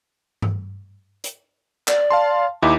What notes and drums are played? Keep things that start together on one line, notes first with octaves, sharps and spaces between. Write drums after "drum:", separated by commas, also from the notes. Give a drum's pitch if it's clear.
drum: tom G2
drum: hi-hat
D5, drum: clap
F5 A5 C6
D#2 D#4 E4 D6